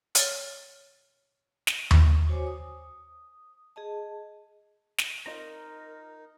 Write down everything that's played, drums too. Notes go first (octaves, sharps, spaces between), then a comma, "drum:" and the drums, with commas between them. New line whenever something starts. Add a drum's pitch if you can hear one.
C#5 F6 A6, drum: hi-hat
drum: snare
drum: tom D#2
F#4 C5 C#5 G#5 D6
D#6
G#4 D#5 A5
drum: snare
C4 D#4 F4 A#4 D#5 A#5